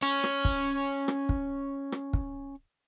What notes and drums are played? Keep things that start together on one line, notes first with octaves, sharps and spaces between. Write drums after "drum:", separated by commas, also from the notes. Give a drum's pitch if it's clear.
C#4 C#5
drum: rim click
drum: kick
drum: rim click
drum: kick
drum: rim click
drum: kick